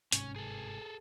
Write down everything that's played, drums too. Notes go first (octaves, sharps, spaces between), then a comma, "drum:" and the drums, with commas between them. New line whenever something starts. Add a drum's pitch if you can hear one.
G1 G#2 C3 C#4, drum: hi-hat
G#4 A4